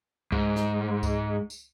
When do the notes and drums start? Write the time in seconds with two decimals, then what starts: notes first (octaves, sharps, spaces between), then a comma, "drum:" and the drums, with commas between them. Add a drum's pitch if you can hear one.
0.32 G#2, drum: kick C#2
0.56 drum: snare
1.03 drum: kick C#2, tambourine
1.50 drum: tambourine